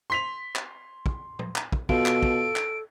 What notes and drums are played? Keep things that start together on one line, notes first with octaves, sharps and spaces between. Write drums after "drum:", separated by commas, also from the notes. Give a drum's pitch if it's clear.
C6 B6 F7
drum: clap
drum: kick
drum: tom
drum: clap
drum: kick
B2 F4 A4 D7, drum: kick
drum: clap
drum: kick
drum: clap